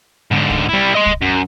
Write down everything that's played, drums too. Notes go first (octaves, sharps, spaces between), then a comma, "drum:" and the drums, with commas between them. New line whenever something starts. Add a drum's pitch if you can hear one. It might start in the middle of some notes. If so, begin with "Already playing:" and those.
G#2 D3
drum: kick
G3 E4
D#5 C6
drum: kick
F#2